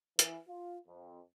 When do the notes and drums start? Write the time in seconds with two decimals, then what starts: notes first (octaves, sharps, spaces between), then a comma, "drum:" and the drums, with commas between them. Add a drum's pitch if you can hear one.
0.19 E3, drum: hi-hat
0.48 F4
0.86 F2